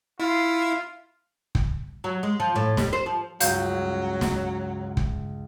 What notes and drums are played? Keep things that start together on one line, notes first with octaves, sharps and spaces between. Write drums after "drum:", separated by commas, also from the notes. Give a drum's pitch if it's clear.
E4 F4
drum: kick
F#3
G#3
F3
A2
G3, drum: snare
C5
F3
C#2 G2 F#3 F5 G6, drum: hi-hat
drum: snare
drum: kick